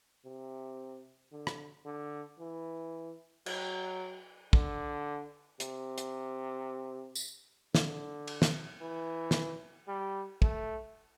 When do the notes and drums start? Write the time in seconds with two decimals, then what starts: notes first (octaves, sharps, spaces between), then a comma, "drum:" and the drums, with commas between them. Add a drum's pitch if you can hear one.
0.25 C3
1.32 D3
1.47 drum: rim click
1.85 D3
2.39 E3
3.46 F#3, drum: cymbal
4.53 D3, drum: kick
5.60 C3, drum: hi-hat
5.98 drum: hi-hat
7.15 drum: tambourine
7.75 D3, drum: snare
8.27 drum: cymbal
8.42 drum: snare
8.81 E3
9.31 drum: snare
9.88 G3
10.42 A3, drum: kick